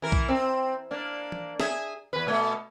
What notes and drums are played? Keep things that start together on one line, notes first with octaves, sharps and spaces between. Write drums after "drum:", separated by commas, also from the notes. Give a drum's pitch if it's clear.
E3 A#4
drum: kick B1
C4
A#3 D4
drum: tom E3
G#4 E5, drum: snare
E2 B4
B2 A3